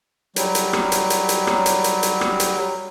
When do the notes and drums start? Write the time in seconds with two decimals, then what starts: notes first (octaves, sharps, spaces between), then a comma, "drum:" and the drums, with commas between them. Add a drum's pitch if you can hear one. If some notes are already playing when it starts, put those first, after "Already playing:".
0.36 F#3 G3, drum: hi-hat
0.55 drum: hi-hat
0.73 drum: rim click
0.92 drum: hi-hat
1.10 drum: hi-hat
1.29 drum: hi-hat
1.47 drum: rim click
1.66 drum: hi-hat
1.84 drum: hi-hat
2.03 drum: hi-hat
2.21 drum: rim click
2.40 drum: hi-hat